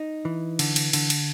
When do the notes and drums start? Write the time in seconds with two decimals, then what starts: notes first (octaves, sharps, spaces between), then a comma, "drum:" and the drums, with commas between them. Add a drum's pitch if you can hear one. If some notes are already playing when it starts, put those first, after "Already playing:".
Already playing: D#4
0.25 E3
0.59 D3, drum: cymbal
0.76 drum: cymbal
0.93 D3, drum: cymbal
1.10 drum: cymbal